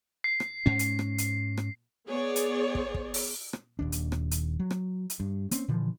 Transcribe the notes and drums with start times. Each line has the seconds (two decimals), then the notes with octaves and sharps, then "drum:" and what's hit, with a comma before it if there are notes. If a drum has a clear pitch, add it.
0.24 C7
0.40 drum: rim click
0.66 G#2 C#4
0.79 drum: hi-hat
0.99 drum: rim click
1.18 drum: hi-hat
1.57 drum: rim click
2.07 B3 G#4 C#5 D5
2.36 drum: hi-hat
2.75 drum: kick
2.94 drum: kick
3.14 drum: open hi-hat
3.53 drum: rim click
3.79 D#1 D#2 D4
3.92 drum: hi-hat
4.12 drum: rim click
4.31 drum: hi-hat
4.59 F#3
4.71 drum: rim click
5.10 drum: hi-hat
5.20 G2
5.51 A#3 C4 C#4, drum: hi-hat
5.68 A#2 D3 E3 F3